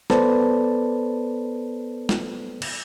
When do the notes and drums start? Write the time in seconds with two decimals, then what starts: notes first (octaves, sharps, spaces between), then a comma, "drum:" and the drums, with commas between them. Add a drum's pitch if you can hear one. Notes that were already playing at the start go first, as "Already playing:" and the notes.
0.10 B3 A4 B4 C5 D5 A5, drum: snare
2.09 drum: snare
2.62 drum: cymbal